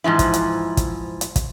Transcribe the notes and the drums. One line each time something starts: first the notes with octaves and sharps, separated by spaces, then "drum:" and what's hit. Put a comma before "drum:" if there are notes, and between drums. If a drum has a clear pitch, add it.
G#2 E3 F3 E4
drum: kick, hi-hat
drum: hi-hat
drum: kick, hi-hat
drum: hi-hat
drum: kick, hi-hat